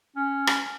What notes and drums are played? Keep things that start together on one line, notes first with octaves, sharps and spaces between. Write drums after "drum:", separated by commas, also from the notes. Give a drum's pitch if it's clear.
C#4
drum: rim click